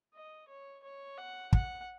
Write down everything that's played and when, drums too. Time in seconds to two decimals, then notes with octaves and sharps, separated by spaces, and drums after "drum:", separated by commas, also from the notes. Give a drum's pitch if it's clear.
0.14 D#5
0.48 C#5
0.84 C#5
1.17 F#5
1.53 F#5, drum: kick